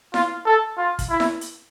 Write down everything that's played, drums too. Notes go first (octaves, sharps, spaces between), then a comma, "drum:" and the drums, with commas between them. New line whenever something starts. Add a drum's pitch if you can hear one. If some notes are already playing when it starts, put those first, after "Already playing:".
F4, drum: snare E4
A4
F4
drum: kick, hi-hat
E4
drum: snare E4
drum: hi-hat